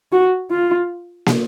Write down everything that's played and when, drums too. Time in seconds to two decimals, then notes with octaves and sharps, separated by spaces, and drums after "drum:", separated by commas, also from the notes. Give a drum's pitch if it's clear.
0.12 F#4
0.51 F4
1.26 drum: snare